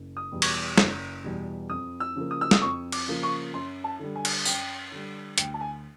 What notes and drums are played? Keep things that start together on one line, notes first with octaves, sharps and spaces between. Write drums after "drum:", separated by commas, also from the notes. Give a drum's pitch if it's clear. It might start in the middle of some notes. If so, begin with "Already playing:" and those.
Already playing: F#1
D#6
E2 B2 G3
C#6, drum: cymbal
D6
F#1, drum: snare
E2 B2 G3
F2 D#6
E6
C#3 F3 A#3
D#6
E6
D#6, drum: snare
F2 C#6
D6, drum: cymbal
C#3 F3 A#3
C#6
F#2 C6
A5
D3 G3
G#5
drum: cymbal
F#2 G5, drum: tambourine
D3 G3
D2 G5, drum: hi-hat
A5
G#5